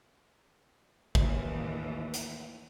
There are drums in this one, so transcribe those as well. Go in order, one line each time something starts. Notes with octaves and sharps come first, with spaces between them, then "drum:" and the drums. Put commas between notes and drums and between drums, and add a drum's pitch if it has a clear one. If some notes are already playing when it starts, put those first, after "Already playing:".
D#2 A2 E3, drum: kick
drum: hi-hat